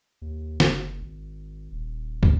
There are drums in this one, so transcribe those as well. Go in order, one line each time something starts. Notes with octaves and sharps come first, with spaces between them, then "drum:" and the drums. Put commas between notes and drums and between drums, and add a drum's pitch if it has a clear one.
D#2
F#1, drum: snare
G#1
D#1
drum: kick